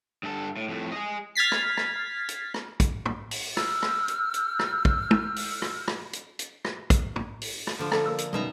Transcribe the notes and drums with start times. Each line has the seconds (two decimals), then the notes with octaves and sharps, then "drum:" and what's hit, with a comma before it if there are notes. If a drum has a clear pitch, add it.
0.23 G2 A4
0.57 A2
0.68 F2 A2
0.92 G#4 D#5
1.35 F6 G#6 A6 B6 C7
1.52 drum: rim click
1.77 drum: rim click
2.29 drum: hi-hat
2.54 drum: rim click
2.80 drum: kick, hi-hat
3.06 drum: tom
3.31 drum: open hi-hat
3.57 E6 F6 G6, drum: rim click
3.82 drum: rim click
4.08 drum: hi-hat
4.34 drum: hi-hat
4.59 drum: rim click
4.85 drum: kick
5.11 drum: tom
5.36 drum: open hi-hat
5.62 drum: rim click
5.88 drum: rim click
6.13 drum: hi-hat
6.39 drum: hi-hat
6.65 drum: rim click
6.90 drum: kick, hi-hat
7.16 drum: tom
7.42 drum: open hi-hat
7.67 drum: rim click
7.79 D3 F3
7.92 A4, drum: rim click
8.06 A#3 E6
8.18 drum: hi-hat
8.33 F#2 B2 D#3 D#5 E5 A#5